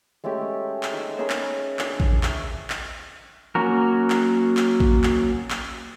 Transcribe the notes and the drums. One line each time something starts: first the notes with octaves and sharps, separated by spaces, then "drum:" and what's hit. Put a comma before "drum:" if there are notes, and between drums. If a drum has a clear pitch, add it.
G#3 A3 C#4 G4
drum: clap
D#4 E5 E6
C#4 G#4 A#4 B5
drum: clap
D4, drum: clap
drum: kick A1
E5 C#6, drum: clap
drum: clap
F#3 A#3 C#4 F#4 A#4
drum: clap
drum: clap
drum: kick A1
drum: clap
drum: clap